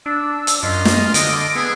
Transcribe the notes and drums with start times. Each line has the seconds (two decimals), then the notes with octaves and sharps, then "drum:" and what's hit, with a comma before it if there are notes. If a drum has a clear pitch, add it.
0.06 D4 E6
0.47 drum: hi-hat
0.63 F#2 F4 D#5
0.85 drum: snare
1.14 D3 D#5 D7, drum: hi-hat
1.55 B3 G#4 E6